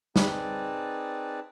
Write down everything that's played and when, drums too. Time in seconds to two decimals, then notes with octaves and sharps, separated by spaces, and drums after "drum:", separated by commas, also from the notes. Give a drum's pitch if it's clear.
0.16 C4 D#4 G#4 B4 D5 A5, drum: snare